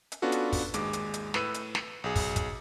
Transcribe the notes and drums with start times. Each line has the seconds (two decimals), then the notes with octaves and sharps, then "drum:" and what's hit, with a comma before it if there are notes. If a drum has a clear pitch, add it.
0.12 drum: hi-hat
0.22 B3 C#4 D4 F4 F#4 A4
0.32 drum: hi-hat
0.52 drum: kick, open hi-hat
0.74 G#1 D#2 G#3 D6, drum: hi-hat
0.93 drum: hi-hat
1.14 drum: hi-hat
1.34 A2 B4 E6 D#7, drum: snare
1.54 drum: hi-hat
1.75 drum: snare
2.04 B1 G#4
2.15 drum: kick, open hi-hat
2.36 drum: kick, hi-hat